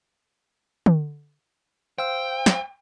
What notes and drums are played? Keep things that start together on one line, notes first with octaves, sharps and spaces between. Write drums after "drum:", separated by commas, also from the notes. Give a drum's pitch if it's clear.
drum: tom
C5 F5 G5 E6
drum: snare